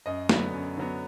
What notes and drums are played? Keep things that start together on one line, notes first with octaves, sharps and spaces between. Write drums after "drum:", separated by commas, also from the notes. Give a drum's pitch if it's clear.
F#2 D#5
D3 F#3 B3, drum: snare
F#2
D3 F#3 B3